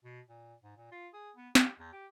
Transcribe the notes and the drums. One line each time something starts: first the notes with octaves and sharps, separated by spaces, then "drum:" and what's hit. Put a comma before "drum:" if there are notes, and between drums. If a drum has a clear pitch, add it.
B2
A#2
G#2
A#2
F4
G#4
B3
G4, drum: snare
E2
G4